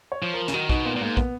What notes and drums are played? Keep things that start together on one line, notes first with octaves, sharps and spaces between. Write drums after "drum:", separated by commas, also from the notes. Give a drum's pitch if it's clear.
C#5
F3
A#4
C#3, drum: snare
D#3 F#4
B2 D#4, drum: kick
A#2 B3
A#2
G#2 A#3
B3, drum: kick